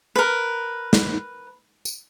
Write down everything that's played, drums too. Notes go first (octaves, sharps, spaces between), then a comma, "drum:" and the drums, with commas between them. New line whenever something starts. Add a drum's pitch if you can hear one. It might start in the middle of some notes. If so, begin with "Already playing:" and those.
A#4 B4
drum: snare
drum: tambourine